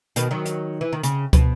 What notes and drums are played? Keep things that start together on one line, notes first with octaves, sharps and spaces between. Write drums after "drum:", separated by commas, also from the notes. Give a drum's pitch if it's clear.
B2 D#3, drum: hi-hat
D#3 F#3
drum: hi-hat
E3
D#3
C#3, drum: hi-hat
B2, drum: kick, hi-hat